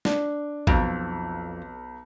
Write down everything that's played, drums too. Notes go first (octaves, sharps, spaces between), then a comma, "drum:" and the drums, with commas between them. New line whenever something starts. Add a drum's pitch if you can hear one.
D4, drum: snare
B1 F2, drum: kick A1